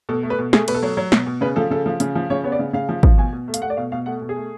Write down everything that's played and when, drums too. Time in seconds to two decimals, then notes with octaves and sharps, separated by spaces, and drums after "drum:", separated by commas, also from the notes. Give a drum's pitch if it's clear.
0.09 B2 A4
0.23 A3
0.30 B4
0.39 B2
0.53 A3 G#4, drum: snare
0.68 B2 B4, drum: cymbal
0.74 A4
0.83 F#3
0.97 F#3
1.12 B2, drum: snare
1.27 B2
1.41 C#3 B4
1.56 F3 A4
1.70 C#3 A4
1.86 F3
2.00 C#3, drum: hi-hat
2.15 F3
2.30 C#3 C#5
2.44 B3 C#5
2.52 D5
2.59 C#3
2.73 C#3 F5
2.89 F3
3.03 F3, drum: kick
3.18 B2 G#5
3.33 B2
3.48 A3
3.54 F5, drum: hi-hat
3.62 A3 F#5
3.70 D5
3.77 B2 F5
3.92 B2 F5
4.06 A3 F#5
4.22 B2
4.29 G#4
4.36 A3